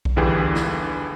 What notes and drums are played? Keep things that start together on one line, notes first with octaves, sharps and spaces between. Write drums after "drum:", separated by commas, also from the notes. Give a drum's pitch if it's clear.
drum: kick B1
G1 D#2 D3 E3 G4 G#4
drum: snare